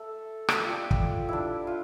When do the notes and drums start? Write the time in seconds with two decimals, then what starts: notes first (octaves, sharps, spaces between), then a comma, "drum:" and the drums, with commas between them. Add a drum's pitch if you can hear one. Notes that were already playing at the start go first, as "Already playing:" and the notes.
Already playing: A3 A4
0.49 A4, drum: rim click
0.55 G4
0.63 F4
0.70 G3 G4
0.91 drum: kick
1.29 D4 E4
1.67 F4